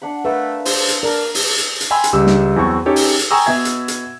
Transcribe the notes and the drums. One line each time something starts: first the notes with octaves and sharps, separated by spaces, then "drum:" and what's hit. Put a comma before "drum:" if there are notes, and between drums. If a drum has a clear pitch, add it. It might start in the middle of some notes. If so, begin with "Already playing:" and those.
D4 F#5 B5
A3 A#4 B4 F5
C5, drum: open hi-hat
drum: hi-hat
D4 A#4
drum: open hi-hat
drum: hi-hat
drum: hi-hat
G5 G#5 B5 C6 E6
drum: hi-hat
C#2 G3 G4 E6
drum: snare
E2 F#3 C4 C#6
C#4 D#4 G4 A4 C#5
drum: open hi-hat
drum: hi-hat
G5 G#5 A#5 C#6 D#6 E6
B2 E5 G#6
drum: hi-hat
drum: hi-hat